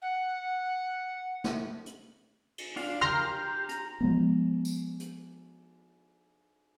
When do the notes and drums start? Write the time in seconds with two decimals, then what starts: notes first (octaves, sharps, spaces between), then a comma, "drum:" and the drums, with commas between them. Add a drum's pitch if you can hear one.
0.02 F#5
1.44 drum: snare
1.86 drum: hi-hat
2.58 drum: cymbal
2.76 D4 F4 F5, drum: open hi-hat
3.01 G4 A#4 F5 A#5 C6 F6, drum: tom
3.22 G4
3.69 A#5, drum: hi-hat
4.01 F3 G#3 B3
4.65 drum: tambourine
5.00 drum: hi-hat